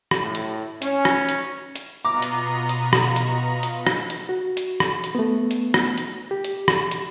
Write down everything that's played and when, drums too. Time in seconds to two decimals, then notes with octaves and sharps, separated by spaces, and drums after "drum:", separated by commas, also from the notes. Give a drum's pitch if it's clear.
0.11 drum: rim click
0.20 A2
0.35 drum: hi-hat
0.82 C#4, drum: hi-hat
1.05 drum: rim click
1.29 drum: hi-hat
1.76 drum: hi-hat
2.05 B2 B3 F4 D#5 A#5 B5 C#6 D6
2.22 drum: hi-hat
2.69 drum: hi-hat
2.93 drum: rim click
3.16 drum: hi-hat
3.63 drum: hi-hat
3.87 drum: rim click
4.10 drum: hi-hat
4.29 F#4
4.57 drum: hi-hat
4.80 drum: rim click
5.04 drum: hi-hat
5.15 A3 B3
5.51 drum: hi-hat
5.74 drum: rim click
5.98 drum: hi-hat
6.31 G4
6.44 drum: hi-hat
6.68 drum: rim click
6.91 drum: hi-hat